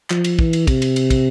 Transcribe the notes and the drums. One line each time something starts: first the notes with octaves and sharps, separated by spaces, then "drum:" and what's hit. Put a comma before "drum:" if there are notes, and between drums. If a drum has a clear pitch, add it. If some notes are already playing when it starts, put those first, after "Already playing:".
F3, drum: clap
drum: cymbal
E3, drum: kick
drum: cymbal
C3, drum: kick, cymbal
drum: cymbal
drum: cymbal
drum: kick, cymbal